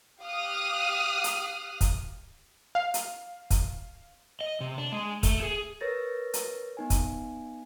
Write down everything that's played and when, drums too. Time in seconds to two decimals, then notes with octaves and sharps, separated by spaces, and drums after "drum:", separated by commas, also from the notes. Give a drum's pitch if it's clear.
0.21 G4 F5 D#6 F6 F#6
1.24 drum: hi-hat
1.81 drum: kick, hi-hat
2.75 F5
2.94 drum: hi-hat
3.50 drum: kick, hi-hat
4.41 D#5
4.61 C3
4.78 D4
4.92 G#3
5.23 A3, drum: kick, hi-hat
5.42 G#4
5.81 A#4 B4 C#5 A6 A#6
6.34 drum: hi-hat
6.77 B3 D#4 G#5
6.90 drum: kick, hi-hat